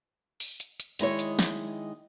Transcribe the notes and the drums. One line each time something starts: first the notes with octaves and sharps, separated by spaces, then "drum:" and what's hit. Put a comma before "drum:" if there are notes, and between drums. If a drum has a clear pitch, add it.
drum: open hi-hat
drum: hi-hat
drum: hi-hat
D#3 G#3 E4 C#5, drum: hi-hat
drum: hi-hat
drum: snare